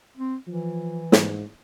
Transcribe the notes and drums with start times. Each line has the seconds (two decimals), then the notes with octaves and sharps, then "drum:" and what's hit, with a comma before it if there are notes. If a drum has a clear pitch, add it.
0.17 C4
0.48 E3 F3
1.12 G#2, drum: snare